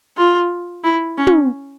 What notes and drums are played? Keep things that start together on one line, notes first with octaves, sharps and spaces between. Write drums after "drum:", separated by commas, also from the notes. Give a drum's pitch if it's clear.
F4
E4
C#4
drum: tom